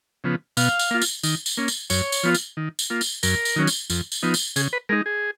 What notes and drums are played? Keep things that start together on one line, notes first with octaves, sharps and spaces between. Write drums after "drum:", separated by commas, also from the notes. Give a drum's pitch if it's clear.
C#3 F3 B3
B2 F5, drum: tambourine
drum: tambourine
A#3 F4
drum: tambourine
D#3, drum: tambourine
drum: tambourine
A#3 C#4
drum: tambourine
F#2 C#5, drum: tambourine
drum: tambourine
F3 B3 F4
drum: tambourine
D#3
drum: tambourine
A#3 F4
drum: tambourine
F#2 A#4, drum: tambourine
drum: tambourine
D#3 F#3 C#4
drum: tambourine
F2, drum: tambourine
drum: tambourine
F3 B3 D#4
drum: tambourine
C#3 G#4, drum: tambourine
B4
G#3 D#4 A#4
G#4